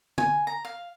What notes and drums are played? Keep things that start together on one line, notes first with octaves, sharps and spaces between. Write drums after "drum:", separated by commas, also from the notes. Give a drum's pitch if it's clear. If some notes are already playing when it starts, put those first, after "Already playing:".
G#5, drum: tom
A#5
F5